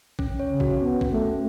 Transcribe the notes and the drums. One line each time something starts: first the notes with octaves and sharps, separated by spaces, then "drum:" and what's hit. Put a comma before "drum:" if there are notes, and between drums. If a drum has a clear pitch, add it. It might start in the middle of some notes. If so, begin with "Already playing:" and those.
C#4, drum: kick
C#5
C#3
F#4, drum: kick
B3 C#4
F#4, drum: kick
A3
C#4